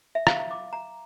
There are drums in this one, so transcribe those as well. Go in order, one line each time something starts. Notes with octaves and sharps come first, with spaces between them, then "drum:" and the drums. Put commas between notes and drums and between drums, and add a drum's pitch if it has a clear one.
E5
F5, drum: rim click
D6
A#5